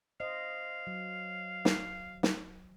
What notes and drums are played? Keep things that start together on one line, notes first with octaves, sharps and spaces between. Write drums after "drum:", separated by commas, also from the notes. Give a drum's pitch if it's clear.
C5 D#5 F5
F#3
drum: snare
drum: snare